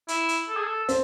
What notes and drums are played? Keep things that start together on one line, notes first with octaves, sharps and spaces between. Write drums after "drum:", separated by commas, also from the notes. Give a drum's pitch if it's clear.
E4, drum: hi-hat
drum: hi-hat
A4
G#4
A4
A4
C4, drum: hi-hat